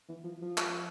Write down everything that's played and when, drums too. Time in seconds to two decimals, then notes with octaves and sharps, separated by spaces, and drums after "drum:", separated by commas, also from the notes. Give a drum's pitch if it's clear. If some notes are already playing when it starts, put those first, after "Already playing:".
0.08 E3
0.24 F3
0.42 F3
0.58 drum: clap